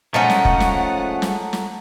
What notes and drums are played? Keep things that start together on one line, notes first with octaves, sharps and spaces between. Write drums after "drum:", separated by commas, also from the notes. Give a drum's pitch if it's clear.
F3 G#3 A3 C#4 D#4 F#5
drum: snare
drum: kick
drum: snare
drum: snare
drum: snare